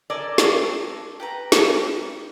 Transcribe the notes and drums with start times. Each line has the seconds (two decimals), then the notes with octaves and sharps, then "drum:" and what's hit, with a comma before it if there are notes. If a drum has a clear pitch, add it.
0.10 A4 A#4 D5 G#5
0.38 drum: snare
1.20 G4 B4 A#5
1.52 drum: snare